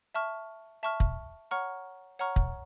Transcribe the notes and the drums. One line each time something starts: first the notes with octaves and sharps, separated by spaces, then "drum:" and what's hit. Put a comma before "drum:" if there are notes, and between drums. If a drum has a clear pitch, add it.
E5 A5 C#6 F6
E5 A5 C#6 F6
drum: kick
C#5 F#5 A#5 C#6 F6
C#5 F#5 A#5 C#6 F6
drum: kick